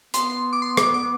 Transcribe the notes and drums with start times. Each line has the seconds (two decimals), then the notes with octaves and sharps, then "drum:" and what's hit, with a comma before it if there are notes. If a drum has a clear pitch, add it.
0.14 B3 C6, drum: hi-hat
0.30 C6
0.53 D6
0.62 C6
0.77 D6, drum: rim click
0.94 D6